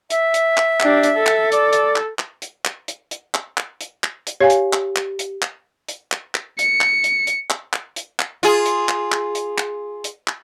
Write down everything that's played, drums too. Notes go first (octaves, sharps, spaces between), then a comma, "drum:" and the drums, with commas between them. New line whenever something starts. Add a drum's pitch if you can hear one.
E5, drum: hi-hat
drum: hi-hat
drum: clap
D4 G4, drum: clap
drum: hi-hat
A4
drum: clap
D5, drum: hi-hat
drum: hi-hat
drum: clap
drum: clap
drum: hi-hat
drum: clap
drum: hi-hat
drum: hi-hat
drum: clap
drum: clap
drum: hi-hat
drum: clap
drum: hi-hat
G4 C#5 F5 G#5
drum: hi-hat
drum: clap
drum: clap
drum: hi-hat
drum: clap
drum: hi-hat
drum: clap
drum: clap
C#7, drum: hi-hat
drum: clap
drum: hi-hat
drum: hi-hat
drum: clap
drum: clap
drum: hi-hat
drum: clap
F4 G#4, drum: hi-hat
drum: hi-hat
drum: clap
drum: clap
drum: hi-hat
drum: clap
drum: hi-hat
drum: clap